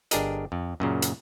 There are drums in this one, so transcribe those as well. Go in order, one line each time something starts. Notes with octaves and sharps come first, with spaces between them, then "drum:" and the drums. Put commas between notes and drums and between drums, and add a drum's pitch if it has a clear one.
G1 D4 G4 G#4 A#4 D#5, drum: hi-hat
F2
F#2 A#2 C#3
drum: hi-hat